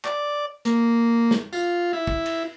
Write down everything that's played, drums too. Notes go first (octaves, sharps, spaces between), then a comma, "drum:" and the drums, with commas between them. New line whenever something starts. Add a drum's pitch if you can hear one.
D5, drum: clap
A#3, drum: hi-hat
drum: snare
F4, drum: tambourine
E4
drum: kick
drum: cymbal